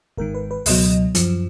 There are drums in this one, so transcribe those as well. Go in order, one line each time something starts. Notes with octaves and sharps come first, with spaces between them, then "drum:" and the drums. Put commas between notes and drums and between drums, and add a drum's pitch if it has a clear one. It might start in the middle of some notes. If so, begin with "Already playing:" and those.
G#1 G#2 D#3 A#4
B4
B4
C#2 B2 F#3 D#5, drum: open hi-hat
F#2 F3, drum: hi-hat